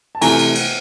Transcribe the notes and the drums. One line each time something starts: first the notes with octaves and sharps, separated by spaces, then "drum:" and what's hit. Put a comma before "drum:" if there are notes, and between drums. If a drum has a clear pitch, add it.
A5
C3 E3 A3 G#5 A#5, drum: cymbal
drum: cymbal
drum: cymbal